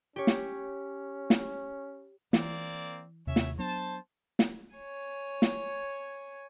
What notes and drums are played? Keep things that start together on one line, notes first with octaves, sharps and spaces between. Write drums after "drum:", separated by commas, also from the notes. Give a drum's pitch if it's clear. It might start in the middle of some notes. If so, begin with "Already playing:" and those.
C#4 G4 C#5
drum: snare
drum: snare
E3 A#3 C4 D5, drum: snare
D#2 C3 C#4 C#5 E5
drum: snare
F#3 B3 D4 C5 A5
drum: snare
C#5 G#5
drum: snare